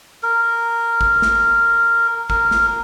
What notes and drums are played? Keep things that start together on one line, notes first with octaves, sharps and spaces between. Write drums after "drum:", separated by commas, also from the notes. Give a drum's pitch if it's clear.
A#4
drum: kick
drum: snare
A#4, drum: kick
drum: snare